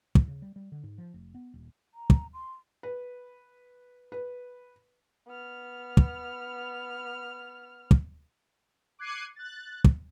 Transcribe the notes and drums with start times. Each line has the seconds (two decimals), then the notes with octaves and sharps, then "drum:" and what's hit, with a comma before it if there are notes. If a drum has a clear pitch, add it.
0.15 A2, drum: kick
0.28 C#3
0.42 G3
0.56 G3
0.72 D3
0.83 G#2
0.98 F3
1.14 F1
1.35 B3
1.54 D#1
1.94 A#5
2.10 drum: kick
2.34 C6
2.83 B4
4.12 B4
5.28 B3 F6
5.97 drum: kick
7.91 drum: kick
8.99 D6 F#6 G#6 C7 C#7 D#7
9.36 F#6 A6
9.84 drum: kick